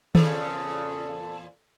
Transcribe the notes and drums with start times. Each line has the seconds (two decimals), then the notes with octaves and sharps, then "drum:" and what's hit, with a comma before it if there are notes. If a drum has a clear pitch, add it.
0.15 E2 A#2 C#3 F3 A4 A5, drum: tom D#3